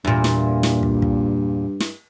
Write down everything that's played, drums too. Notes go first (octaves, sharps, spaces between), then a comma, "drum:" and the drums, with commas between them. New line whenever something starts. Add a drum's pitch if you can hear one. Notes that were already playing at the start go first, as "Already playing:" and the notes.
E2 G2 A#2
drum: snare
drum: snare
drum: kick
drum: kick
drum: snare